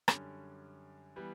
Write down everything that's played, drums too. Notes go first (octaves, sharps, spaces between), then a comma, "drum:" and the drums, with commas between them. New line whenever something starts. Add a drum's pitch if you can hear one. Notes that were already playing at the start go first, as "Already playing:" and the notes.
F#2 D3 G3 C#4, drum: rim click
E3 G3 B3